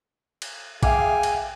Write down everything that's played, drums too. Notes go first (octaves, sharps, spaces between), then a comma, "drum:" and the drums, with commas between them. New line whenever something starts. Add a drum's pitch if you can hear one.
drum: cymbal
G#4 E5 F5 G5 G#5 D6, drum: kick, cymbal
drum: cymbal